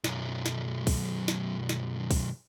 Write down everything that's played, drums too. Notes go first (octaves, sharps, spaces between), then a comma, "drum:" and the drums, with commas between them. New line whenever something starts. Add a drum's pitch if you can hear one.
B1 F#2, drum: snare
drum: snare
drum: kick C2, open hi-hat
drum: snare
drum: snare
drum: kick C2, open hi-hat